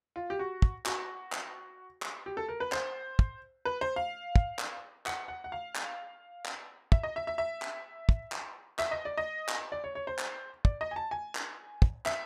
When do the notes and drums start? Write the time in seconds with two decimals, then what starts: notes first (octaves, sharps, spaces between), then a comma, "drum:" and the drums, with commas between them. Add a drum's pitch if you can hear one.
0.16 F4
0.30 G4
0.39 F#4
0.62 drum: kick
0.86 F#4, drum: clap
1.32 drum: clap
2.02 drum: clap
2.26 G4
2.37 A4
2.48 A#4
2.60 B4
2.72 C5, drum: clap
3.19 drum: kick
3.65 B4
3.81 C5
3.96 F5
4.36 drum: kick
4.59 drum: clap
5.06 F#5, drum: clap
5.28 F#5
5.44 F#5
5.52 F5
5.75 drum: clap
6.45 drum: clap
6.92 E5, drum: kick
7.03 D#5
7.16 E5
7.27 E5
7.38 E5
7.62 drum: clap
8.09 drum: kick
8.32 drum: clap
8.79 E5, drum: clap
8.91 D#5
9.05 D5
9.18 D#5
9.49 drum: clap
9.72 D5
9.84 C#5
9.95 C#5
10.07 C5
10.19 drum: clap
10.65 D5, drum: kick
10.81 D#5
10.91 G#5
10.96 A5
11.11 G#5
11.35 drum: clap
11.82 drum: kick
12.06 E5, drum: clap